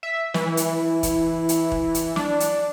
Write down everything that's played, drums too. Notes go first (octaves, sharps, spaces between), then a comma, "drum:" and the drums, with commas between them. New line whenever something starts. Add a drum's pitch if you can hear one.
E5
E3, drum: snare
drum: hi-hat
drum: kick E1, hi-hat
drum: hi-hat
drum: kick E1
drum: hi-hat
D4, drum: snare
drum: hi-hat